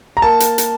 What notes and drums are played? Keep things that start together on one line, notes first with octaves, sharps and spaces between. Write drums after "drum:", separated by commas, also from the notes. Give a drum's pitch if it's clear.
A#5
A#3 A5
drum: hi-hat
drum: hi-hat